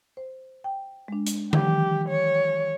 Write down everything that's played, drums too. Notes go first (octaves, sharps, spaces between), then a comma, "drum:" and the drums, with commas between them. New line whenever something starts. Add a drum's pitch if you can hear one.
C5
G5
G#3 D4
drum: hi-hat
D#3 E3 F#3 G4, drum: tom D3
C#5